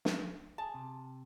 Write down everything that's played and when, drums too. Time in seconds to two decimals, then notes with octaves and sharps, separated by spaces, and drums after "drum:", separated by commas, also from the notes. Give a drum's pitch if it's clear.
0.05 drum: snare
0.58 G#4 A5
0.74 C3